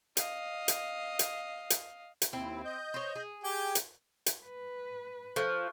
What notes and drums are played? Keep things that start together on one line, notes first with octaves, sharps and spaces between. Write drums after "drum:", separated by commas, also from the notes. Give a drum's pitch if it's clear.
D#5 F5, drum: hi-hat
drum: hi-hat
drum: hi-hat
drum: hi-hat
drum: hi-hat
D#2 C4 E4
D#5 G6
C5 C#5
G#4
G4 G5 G#5
drum: hi-hat
drum: hi-hat
B4
F3 A4 C#6 F6 F#6